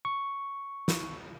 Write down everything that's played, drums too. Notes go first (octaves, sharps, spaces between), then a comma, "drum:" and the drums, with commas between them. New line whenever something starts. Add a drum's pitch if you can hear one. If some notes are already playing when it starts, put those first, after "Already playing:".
C#6
drum: snare